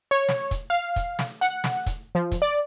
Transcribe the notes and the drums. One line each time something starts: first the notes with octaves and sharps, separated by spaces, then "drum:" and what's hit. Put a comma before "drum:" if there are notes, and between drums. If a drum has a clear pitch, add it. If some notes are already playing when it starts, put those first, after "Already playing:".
C#5
drum: snare
drum: kick, hi-hat
F5
drum: kick, hi-hat
drum: snare
F#5, drum: hi-hat
drum: snare
drum: kick, hi-hat
F3
drum: kick, hi-hat
D5